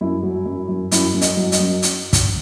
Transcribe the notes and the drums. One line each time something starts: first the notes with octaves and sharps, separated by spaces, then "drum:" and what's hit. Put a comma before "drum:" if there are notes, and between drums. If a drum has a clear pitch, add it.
F#2 E4
F#3
F#2
F#2
F#2 E4, drum: hi-hat
F#2
D#5, drum: hi-hat
F#3
D#5, drum: hi-hat
F#2
drum: hi-hat
drum: kick, hi-hat